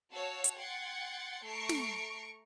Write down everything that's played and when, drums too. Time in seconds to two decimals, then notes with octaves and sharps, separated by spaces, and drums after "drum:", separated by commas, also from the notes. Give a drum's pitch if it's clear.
0.12 F#4 C#5 F5 A5 E6
0.44 drum: hi-hat
0.55 F#5 G5 C6 G#6 A6 C#7
1.44 A3 A#5 C#6 C7 D7
1.69 drum: snare